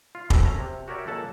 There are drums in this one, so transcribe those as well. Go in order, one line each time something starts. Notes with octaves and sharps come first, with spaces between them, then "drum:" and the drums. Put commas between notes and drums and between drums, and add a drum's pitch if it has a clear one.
F4
D2 B2 A4, drum: kick
A#3 C#4 A4 A#5
C3
F#4 G4 A#4 C#5 D5 E5
C#2 A#3 A4 F#5 G#5 A5